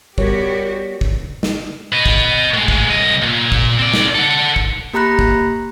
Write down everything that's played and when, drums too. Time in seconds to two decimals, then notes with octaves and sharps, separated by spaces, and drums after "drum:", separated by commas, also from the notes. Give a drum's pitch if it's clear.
0.18 G3 B3 F#4 G4 A#4 C#5, drum: kick
1.01 drum: kick
1.43 drum: snare
1.92 B4 D#5
2.06 drum: kick
2.54 A2 G#3
2.68 drum: kick
2.89 C2 D#5
3.22 A#2
3.52 drum: kick
3.79 C4 D5
3.94 drum: snare
4.15 A4 F#5
4.56 drum: kick
4.94 A#3 G4 A#5 B5 F#6 A#6
5.19 drum: kick